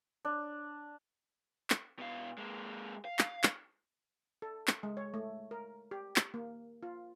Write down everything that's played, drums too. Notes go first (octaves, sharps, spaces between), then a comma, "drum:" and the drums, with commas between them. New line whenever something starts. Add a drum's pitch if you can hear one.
D4
drum: clap
B2 F5
G#3 A#3
F5
drum: clap
drum: clap
A4
drum: clap
G#3
C#5
A3
A#4
G4
drum: clap
A#3
F4